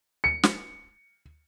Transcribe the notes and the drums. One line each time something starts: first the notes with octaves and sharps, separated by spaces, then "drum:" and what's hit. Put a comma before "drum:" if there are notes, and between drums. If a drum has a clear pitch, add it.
C#7
drum: snare